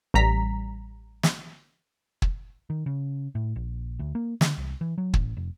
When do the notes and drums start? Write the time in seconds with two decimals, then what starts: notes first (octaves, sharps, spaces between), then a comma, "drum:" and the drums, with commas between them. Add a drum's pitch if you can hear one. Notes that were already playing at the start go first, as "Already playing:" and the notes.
0.14 A1 G3 A#5 B6
1.23 drum: snare
2.22 drum: kick
2.70 D#3
2.86 C#3
3.35 A2
3.56 A#1
3.99 D2
4.15 A#3
4.41 D3, drum: snare
4.57 C2
4.81 E3
4.98 F#3
5.14 A1, drum: kick
5.37 F1